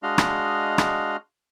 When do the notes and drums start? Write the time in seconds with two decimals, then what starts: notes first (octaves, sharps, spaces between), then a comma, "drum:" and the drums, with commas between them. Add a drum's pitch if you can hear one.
0.03 G#3 D4 F#4 D#5 F5
0.18 drum: rim click
0.78 drum: rim click